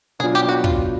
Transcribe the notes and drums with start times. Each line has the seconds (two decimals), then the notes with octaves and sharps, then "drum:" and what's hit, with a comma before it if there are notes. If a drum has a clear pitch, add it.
0.19 B2 F#3 B3 D4 F4 G#4
0.35 G4
0.49 F#4
0.64 F4, drum: kick